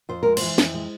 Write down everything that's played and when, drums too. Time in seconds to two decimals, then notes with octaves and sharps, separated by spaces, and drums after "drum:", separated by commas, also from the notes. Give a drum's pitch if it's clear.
0.09 F2 C5
0.23 G#3 A#4
0.37 E3 C5, drum: cymbal
0.58 F2, drum: snare
0.74 G#3